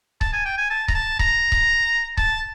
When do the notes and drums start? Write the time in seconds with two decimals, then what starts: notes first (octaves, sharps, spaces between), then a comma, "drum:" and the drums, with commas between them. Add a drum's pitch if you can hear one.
0.21 A5, drum: kick C#1
0.33 G#5
0.45 G5
0.58 G#5
0.70 A5
0.88 A#5, drum: kick C#1
0.95 A5
1.19 A#5, drum: kick C#1
1.52 drum: kick C#1
2.17 A5, drum: kick C#1